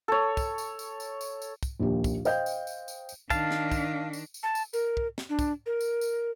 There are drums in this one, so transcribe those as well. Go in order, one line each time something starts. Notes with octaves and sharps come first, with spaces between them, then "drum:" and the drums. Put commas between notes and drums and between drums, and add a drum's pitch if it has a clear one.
A4 C#5
drum: kick, tambourine
drum: tambourine
drum: tambourine
drum: tambourine
drum: tambourine
drum: tambourine
drum: kick, tambourine
A#1 D#2 A#2 G4
drum: kick, tambourine
C5 D#5 F5 G5 G6, drum: tambourine
drum: tambourine
drum: tambourine
drum: tambourine
drum: tambourine
D#3 D4 F5 A5, drum: kick, tambourine
drum: snare
drum: kick, tambourine
drum: tambourine
drum: tambourine
A5
drum: tambourine
A#4, drum: tambourine
drum: kick
drum: snare
D4
drum: kick, tambourine
A#4
drum: tambourine
drum: tambourine